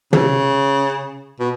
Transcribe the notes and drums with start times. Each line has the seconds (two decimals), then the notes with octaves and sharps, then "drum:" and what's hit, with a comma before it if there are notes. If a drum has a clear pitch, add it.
0.13 C#3, drum: tom
1.40 B2